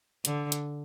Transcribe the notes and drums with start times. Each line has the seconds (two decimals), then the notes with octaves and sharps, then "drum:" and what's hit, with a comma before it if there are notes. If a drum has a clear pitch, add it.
0.25 D3, drum: hi-hat
0.52 drum: hi-hat